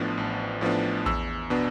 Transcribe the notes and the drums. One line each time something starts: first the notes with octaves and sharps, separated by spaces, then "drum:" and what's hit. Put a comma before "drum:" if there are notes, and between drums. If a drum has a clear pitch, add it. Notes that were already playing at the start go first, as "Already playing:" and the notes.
Already playing: A1 A2 F3 B3 D4
A1
A2 F3 B3 D4
E2 E6, drum: kick A1
B2 B3 D4